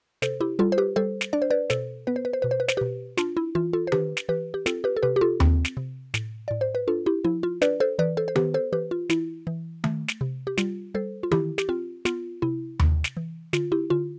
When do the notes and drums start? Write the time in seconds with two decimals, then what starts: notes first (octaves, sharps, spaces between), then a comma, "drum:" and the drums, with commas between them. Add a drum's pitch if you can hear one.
0.22 C3 A4 C5, drum: snare
0.41 E4 G4
0.59 G3 F4 A4
0.72 C5
0.78 G4 B4
0.96 G3 A4 C5
1.21 drum: snare
1.33 D4 D5
1.42 C5
1.50 B4 D5
1.70 B2 A4 C5, drum: snare
2.07 B3 B4
2.16 C5
2.25 B4
2.33 C5
2.42 B2 B4
2.51 C5
2.60 B4
2.68 C5, drum: snare
2.77 B2 G4 B4
3.17 D4 F4, drum: snare
3.37 E4
3.55 E3 F4
3.73 F4 A4
3.87 C5
3.92 D4 G4 B4, drum: tom D#3
4.17 drum: snare
4.29 E3 G4 B4
4.54 G4
4.66 C4 F4 A4, drum: snare
4.84 G4 B4
4.97 A4
5.03 C3 G4 B4
5.16 G4
5.21 F4 A4
5.40 C4, drum: tom D#2
5.65 drum: snare
5.77 C3
6.14 A2, drum: snare
6.48 A2 D5
6.61 C5
6.75 B4
6.88 D4 F4 A4
7.06 E4 G4
7.25 F3 E4
7.43 F4
7.61 D4 B4 D5, drum: snare
7.80 A4 C5
7.99 E3 B4 D5
8.17 A4 C5
8.28 C5
8.36 B3 G4 B4, drum: tom D#3
8.54 A4 C5
8.73 E3 G4 B4
8.91 F4
9.10 E3 E4, drum: snare
9.47 E3
9.84 A3, drum: tom D#3
10.08 drum: snare
10.21 C3
10.47 G4
10.57 G3 F4, drum: snare
10.94 G3 A4 C5
11.23 F4
11.31 E3 E4 G4, drum: tom D#3
11.58 G4, drum: snare
11.69 C4 F4
12.05 B3 F4, drum: snare
12.42 C3 E4
12.80 C3, drum: tom D#2
13.04 drum: snare
13.17 E3
13.53 D3 F4, drum: snare
13.72 E4 G4
13.90 D3 F4